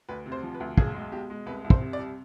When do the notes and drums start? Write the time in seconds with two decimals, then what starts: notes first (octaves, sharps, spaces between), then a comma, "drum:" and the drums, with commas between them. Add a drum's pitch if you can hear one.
0.09 D2 B4
0.26 C3
0.32 C5
0.43 F3
0.55 B4
0.60 D2
0.77 B1 G#4, drum: kick
0.95 G#3
1.12 B2 G4
1.30 G#3
1.46 C2 B4
1.64 C2
1.70 C5, drum: kick
1.81 C3
1.93 D5
1.99 G3